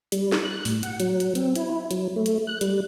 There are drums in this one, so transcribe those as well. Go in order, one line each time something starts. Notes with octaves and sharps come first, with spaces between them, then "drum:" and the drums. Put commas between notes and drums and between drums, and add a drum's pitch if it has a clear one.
G3, drum: hi-hat
drum: snare
F#6
A2, drum: open hi-hat
F#5, drum: hi-hat
F#3, drum: hi-hat
drum: hi-hat
C4, drum: hi-hat
E4, drum: hi-hat
E4
F#3, drum: hi-hat
A3
drum: hi-hat
F#6
G3, drum: hi-hat